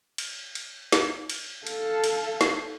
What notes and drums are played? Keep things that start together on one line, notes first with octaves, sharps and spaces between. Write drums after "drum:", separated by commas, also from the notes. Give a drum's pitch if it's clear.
drum: cymbal
drum: cymbal
drum: snare
drum: cymbal
A4 F5, drum: cymbal
drum: cymbal
drum: snare